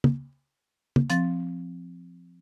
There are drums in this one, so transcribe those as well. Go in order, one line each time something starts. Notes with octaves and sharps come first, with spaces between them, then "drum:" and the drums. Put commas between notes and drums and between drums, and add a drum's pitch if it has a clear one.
drum: tom
drum: tom
F3 C4 A6, drum: hi-hat